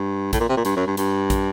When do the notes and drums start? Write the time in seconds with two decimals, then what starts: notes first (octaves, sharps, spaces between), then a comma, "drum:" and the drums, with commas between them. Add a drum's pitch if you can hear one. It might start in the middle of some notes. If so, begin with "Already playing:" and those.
Already playing: G2
0.33 A2, drum: kick, hi-hat
0.40 A#2
0.49 C3
0.57 A#2
0.65 G2, drum: hi-hat
0.76 F#2
0.87 G2
0.97 G2, drum: hi-hat
1.30 drum: kick, hi-hat